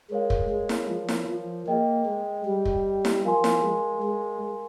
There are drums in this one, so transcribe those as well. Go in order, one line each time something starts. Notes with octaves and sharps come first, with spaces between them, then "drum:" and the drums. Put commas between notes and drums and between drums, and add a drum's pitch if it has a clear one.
G#3 A#4 C#5 F5
drum: kick
G#3
drum: snare E4
F3
drum: snare E4
F3
A#3 G#4 D#5 G5
G#3
G3
drum: kick
drum: snare E4
F3 A#4 F5 G#5 C6
drum: snare E4
G#3
G#3